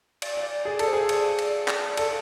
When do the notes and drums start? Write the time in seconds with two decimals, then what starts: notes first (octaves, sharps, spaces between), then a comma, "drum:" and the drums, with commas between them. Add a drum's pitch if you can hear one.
0.22 D5, drum: cymbal
0.43 D5
0.65 G#4 D5
0.79 A4, drum: cymbal
0.88 C5
0.93 G#4
1.09 D5, drum: cymbal
1.39 drum: cymbal
1.68 drum: clap
1.97 A4, drum: cymbal